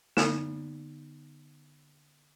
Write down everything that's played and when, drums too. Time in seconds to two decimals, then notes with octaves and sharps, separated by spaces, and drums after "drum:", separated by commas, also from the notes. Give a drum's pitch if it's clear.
0.17 D3 B3 D#4, drum: snare